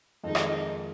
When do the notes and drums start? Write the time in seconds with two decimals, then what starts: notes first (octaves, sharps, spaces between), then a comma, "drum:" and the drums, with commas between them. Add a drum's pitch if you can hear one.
0.24 F2 D#3 G#3 D#4
0.35 drum: rim click